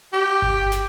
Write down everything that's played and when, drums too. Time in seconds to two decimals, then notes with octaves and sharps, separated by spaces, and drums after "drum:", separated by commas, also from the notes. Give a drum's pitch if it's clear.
0.13 G4
0.42 drum: kick G1
0.72 drum: snare